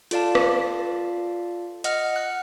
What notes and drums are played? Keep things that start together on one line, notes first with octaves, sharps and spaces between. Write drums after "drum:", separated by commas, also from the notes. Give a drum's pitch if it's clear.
F4 A4 D5 F5 A5, drum: hi-hat
drum: rim click
D#5 F#5 F6, drum: hi-hat
F#5 F#6